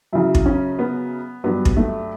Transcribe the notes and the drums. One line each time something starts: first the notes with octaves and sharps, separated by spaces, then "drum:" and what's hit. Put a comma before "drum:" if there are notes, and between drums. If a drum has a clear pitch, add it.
F#2 C#3 F#3 E4
drum: kick
C#4
B3
G2 F#3 B3
drum: kick
A3